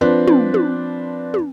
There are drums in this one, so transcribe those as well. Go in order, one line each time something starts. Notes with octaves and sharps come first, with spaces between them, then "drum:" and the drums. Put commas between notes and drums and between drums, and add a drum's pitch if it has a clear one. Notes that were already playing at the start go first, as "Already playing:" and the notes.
F3 C4 D4 B4
drum: tom
drum: tom
drum: tom